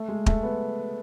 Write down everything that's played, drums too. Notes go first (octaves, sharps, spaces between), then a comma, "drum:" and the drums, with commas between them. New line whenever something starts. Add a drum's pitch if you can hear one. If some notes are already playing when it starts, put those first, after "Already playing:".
Already playing: A3
G#3
A3, drum: kick
B3